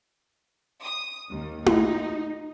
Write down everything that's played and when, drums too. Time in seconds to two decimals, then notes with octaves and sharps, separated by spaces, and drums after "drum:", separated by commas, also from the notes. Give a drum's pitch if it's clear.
0.82 D#6
1.30 D#2
1.66 D#4, drum: tom E4